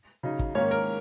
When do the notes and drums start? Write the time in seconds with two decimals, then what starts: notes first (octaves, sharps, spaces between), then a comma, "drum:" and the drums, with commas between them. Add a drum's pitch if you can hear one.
0.23 C#3 F#3 D#4
0.39 drum: kick
0.55 G#2 D#3 A#3 C#4 C#5
0.71 A#4